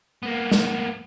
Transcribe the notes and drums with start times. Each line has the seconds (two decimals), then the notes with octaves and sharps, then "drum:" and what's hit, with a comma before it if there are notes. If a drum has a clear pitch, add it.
0.23 A#3 B3
0.52 drum: snare